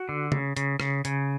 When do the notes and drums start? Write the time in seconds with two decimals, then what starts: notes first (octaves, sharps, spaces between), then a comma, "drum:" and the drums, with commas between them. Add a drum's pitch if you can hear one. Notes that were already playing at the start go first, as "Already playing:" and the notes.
Already playing: F#4
0.09 D3
0.32 C#3, drum: tom
0.57 C#3, drum: hi-hat
0.80 C#3, drum: rim click
1.05 C#3, drum: hi-hat